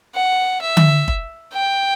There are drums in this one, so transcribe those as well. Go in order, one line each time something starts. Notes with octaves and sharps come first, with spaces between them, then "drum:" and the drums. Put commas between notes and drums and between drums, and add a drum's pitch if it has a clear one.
F#5
E5
drum: tom D3
drum: kick
G5